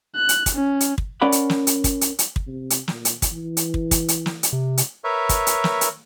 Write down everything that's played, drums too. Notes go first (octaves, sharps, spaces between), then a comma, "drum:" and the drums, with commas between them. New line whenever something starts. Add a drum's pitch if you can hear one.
F#6
drum: hi-hat
drum: kick, hi-hat
C#4
drum: hi-hat
drum: kick
C#4 A#4 D5 F#5 B5
drum: hi-hat
drum: snare
drum: hi-hat
drum: kick, hi-hat
drum: hi-hat
drum: hi-hat
drum: kick
C3
drum: hi-hat
A#2, drum: snare
drum: hi-hat
drum: kick, hi-hat
E3
drum: hi-hat
drum: kick
drum: kick, hi-hat
drum: hi-hat
drum: snare
drum: hi-hat
C3
drum: hi-hat
A#4 B4 C#5 E5
drum: kick, hi-hat
drum: hi-hat
drum: snare
drum: hi-hat